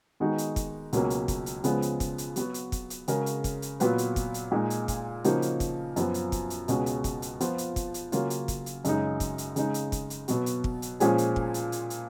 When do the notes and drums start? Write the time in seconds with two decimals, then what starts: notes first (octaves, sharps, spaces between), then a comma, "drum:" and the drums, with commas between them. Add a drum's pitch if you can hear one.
0.20 D#3 G#3 B3 D#4 F#4
0.38 drum: hi-hat
0.56 drum: kick, hi-hat
0.93 C#2 B2 F#3 A#3 C#4, drum: hi-hat
1.10 drum: hi-hat
1.28 drum: kick, hi-hat
1.46 drum: hi-hat
1.64 C#2 C#3 F3 G#3 B3, drum: hi-hat
1.82 drum: hi-hat
2.00 drum: kick, hi-hat
2.18 drum: hi-hat
2.36 F#3 B3 F#4, drum: hi-hat
2.54 drum: hi-hat
2.72 drum: kick, hi-hat
2.90 drum: hi-hat
3.08 C#3 G#3 C#4 F#4 A#4, drum: hi-hat
3.26 drum: hi-hat
3.44 drum: kick, hi-hat
3.62 drum: hi-hat
3.80 A#2 F#3 B3 F4 B4, drum: hi-hat
3.98 drum: hi-hat
4.16 drum: kick, hi-hat
4.34 drum: hi-hat
4.52 A#2 G#3 D#4
4.70 drum: hi-hat
4.88 drum: kick, hi-hat
5.24 C#3 F3 A#3 D#4 F#4, drum: hi-hat
5.42 drum: hi-hat
5.60 drum: kick, hi-hat
5.96 F#2 F3 B3, drum: hi-hat
6.14 drum: hi-hat
6.32 drum: kick, hi-hat
6.50 drum: hi-hat
6.68 C#2 B2 G#3 C#4 F#4, drum: hi-hat
6.86 drum: hi-hat
7.04 drum: kick, hi-hat
7.22 drum: hi-hat
7.40 F3 B3 F4, drum: hi-hat
7.58 drum: hi-hat
7.76 drum: kick, hi-hat
7.94 drum: hi-hat
8.12 C#3 F#3 A#3 C#4 F4, drum: hi-hat
8.30 drum: hi-hat
8.48 drum: kick, hi-hat
8.66 drum: hi-hat
8.85 F#2 C#3 G#3 D#4, drum: hi-hat
9.20 drum: kick, hi-hat
9.38 drum: hi-hat
9.56 C#3 G#3 D#4, drum: hi-hat
9.74 drum: hi-hat
9.92 drum: kick, hi-hat
10.10 drum: hi-hat
10.28 B2 F#3 B3 F#4, drum: hi-hat
10.46 drum: hi-hat
10.64 drum: kick
10.82 drum: hi-hat
11.00 A#2 F3 G#3 C#4 G#4, drum: hi-hat
11.18 drum: hi-hat
11.36 drum: kick
11.54 drum: hi-hat
11.72 drum: hi-hat
11.90 drum: hi-hat